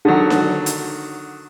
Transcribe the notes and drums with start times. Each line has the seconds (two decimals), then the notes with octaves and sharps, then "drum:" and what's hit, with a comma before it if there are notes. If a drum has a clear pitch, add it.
0.05 D3 D#3 F#3
0.30 drum: snare D4
0.66 drum: hi-hat